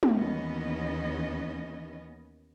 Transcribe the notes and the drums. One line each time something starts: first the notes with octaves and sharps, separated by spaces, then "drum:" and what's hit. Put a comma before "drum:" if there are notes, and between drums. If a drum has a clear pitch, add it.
drum: tom
D#2 E3 B3 C#4 D#5